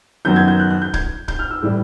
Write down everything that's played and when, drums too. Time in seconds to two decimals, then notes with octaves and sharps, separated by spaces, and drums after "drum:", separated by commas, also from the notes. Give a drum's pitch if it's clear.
0.25 F#2 D#3 F#3 B3 G6
0.36 G#6
0.48 G6
0.59 F#6
0.70 F#6
0.82 G6
0.94 G#6, drum: kick
1.28 G6, drum: kick
1.39 F6
1.51 E6
1.63 A2 E3 G3